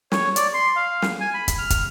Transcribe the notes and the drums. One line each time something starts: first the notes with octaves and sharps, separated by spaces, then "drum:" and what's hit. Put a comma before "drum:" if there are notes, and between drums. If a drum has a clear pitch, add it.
C#5, drum: snare
D5, drum: hi-hat
C6
F5
drum: snare
G#5
B5
drum: kick, hi-hat
F6
drum: kick, hi-hat